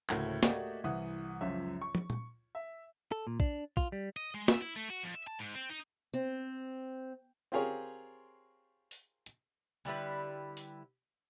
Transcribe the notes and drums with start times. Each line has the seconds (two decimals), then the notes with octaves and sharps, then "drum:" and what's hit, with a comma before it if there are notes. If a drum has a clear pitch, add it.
0.10 D2 A2 C#3 A#3 F#5 G#6, drum: clap
0.43 A3 A#3 F#4 G4 D5 D#5, drum: snare
0.84 C2 E3 F#5 D#6
1.41 C#2 F#2 F3 C#4 E5
1.81 C#6
1.95 drum: tom
2.10 drum: tom A#2
2.55 E5
3.12 A4
3.27 A#2
3.40 D4, drum: kick
3.77 F4, drum: kick
3.92 G3
4.16 D#5
4.35 G#3
4.48 E5, drum: snare
4.62 E4
4.76 A3
4.90 F#4
5.04 F2
5.15 E5
5.27 A5
5.39 G#2
5.54 C4
5.70 D#4
6.14 C4
7.52 C4 F4 G4 G#4 A#4 C#5
8.91 drum: open hi-hat
9.26 drum: hi-hat
9.85 D3 G3 E4 B4
10.57 drum: open hi-hat